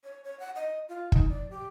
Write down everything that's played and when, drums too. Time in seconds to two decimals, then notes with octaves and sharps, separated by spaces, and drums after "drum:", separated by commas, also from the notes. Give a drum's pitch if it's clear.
0.04 C#5
0.24 C#5
0.39 F#5
0.55 D#5
0.89 F4
1.12 D#4, drum: kick
1.29 D5
1.50 G4